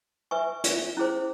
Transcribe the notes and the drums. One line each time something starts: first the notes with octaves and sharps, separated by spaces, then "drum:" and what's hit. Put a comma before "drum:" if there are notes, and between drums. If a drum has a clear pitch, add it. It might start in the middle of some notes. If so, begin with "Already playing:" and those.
B4 E5 G#5 C#6
drum: hi-hat
C#4 E4 G#4 C5